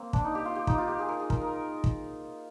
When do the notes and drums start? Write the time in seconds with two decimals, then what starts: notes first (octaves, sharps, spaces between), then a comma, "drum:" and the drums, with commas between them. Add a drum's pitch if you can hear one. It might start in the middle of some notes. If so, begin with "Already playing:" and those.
Already playing: A#3 C4
0.13 D4, drum: kick
0.24 D#4
0.35 G4
0.45 F4
0.55 G4
0.67 D#4, drum: kick
0.78 F4
0.88 G4
0.99 G#4
1.09 A#4
1.20 G#4
1.30 A#4, drum: kick
1.41 A#4
1.84 drum: kick